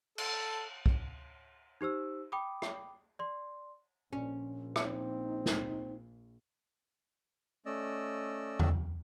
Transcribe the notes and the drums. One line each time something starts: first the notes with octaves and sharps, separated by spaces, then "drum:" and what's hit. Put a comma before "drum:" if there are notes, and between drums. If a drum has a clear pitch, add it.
A4, drum: cymbal
drum: kick
D#4 G4 C5 E6
G5 B5 D6 D#6
drum: rim click
D5 C6
A#1 C#4
C4 D#4, drum: rim click
drum: snare
A3 C#4 D5 D#5 E6
drum: tom E2